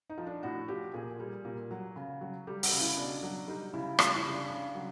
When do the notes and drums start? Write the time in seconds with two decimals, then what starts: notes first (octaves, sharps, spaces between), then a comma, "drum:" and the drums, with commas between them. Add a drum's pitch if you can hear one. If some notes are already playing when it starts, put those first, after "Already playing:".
0.10 D#4
0.18 F3
0.26 D4
0.43 A2 F#4
0.68 F3 G4
0.94 A#2 G#4
1.20 G3
1.45 A#2
1.71 F#3
1.96 C#3
2.21 F#3
2.47 G3 G4
2.63 F#4, drum: open hi-hat
2.72 C#3
2.80 E4
2.97 B2 D4
3.23 F#3
3.48 G3 D#4
3.73 C#3 E4
3.99 G3 F4, drum: rim click
4.15 E4
4.25 C#3
4.32 D4
4.49 C#3
4.75 F#3